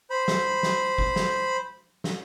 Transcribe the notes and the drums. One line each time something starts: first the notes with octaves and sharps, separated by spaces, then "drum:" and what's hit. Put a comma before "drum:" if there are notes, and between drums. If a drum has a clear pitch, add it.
C5 B5
drum: snare
drum: snare
drum: kick G1
drum: snare
drum: snare